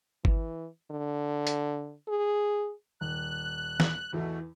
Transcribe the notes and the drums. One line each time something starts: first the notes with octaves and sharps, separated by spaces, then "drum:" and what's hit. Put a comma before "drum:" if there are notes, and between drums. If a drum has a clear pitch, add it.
E3, drum: kick G1
D3
drum: hi-hat
G#4
D#1 F#6
drum: snare E3
E2 B2 E3 A3